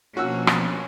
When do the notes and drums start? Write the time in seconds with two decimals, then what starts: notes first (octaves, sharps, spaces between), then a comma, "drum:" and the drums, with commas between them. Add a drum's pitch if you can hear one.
0.17 B2 F3 A#3 C#4 D4 F#4 E6
0.47 drum: rim click